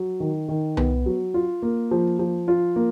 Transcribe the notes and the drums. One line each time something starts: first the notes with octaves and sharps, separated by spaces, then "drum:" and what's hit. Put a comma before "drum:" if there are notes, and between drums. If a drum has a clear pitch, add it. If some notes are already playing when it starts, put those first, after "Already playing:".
Already playing: F#3
D#3
D#3
B3, drum: tom C2
F#3
F4
A#3
F3
F3
F4
A#3